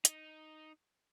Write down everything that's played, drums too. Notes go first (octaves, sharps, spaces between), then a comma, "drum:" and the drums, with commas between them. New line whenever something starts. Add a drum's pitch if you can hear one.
D#4, drum: hi-hat